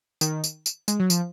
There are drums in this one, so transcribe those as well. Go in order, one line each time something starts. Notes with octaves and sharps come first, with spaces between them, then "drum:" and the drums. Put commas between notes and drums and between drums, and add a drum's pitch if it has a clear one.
D#3, drum: tambourine
drum: tambourine
drum: tambourine
G#3, drum: tambourine
F#3
F3, drum: tambourine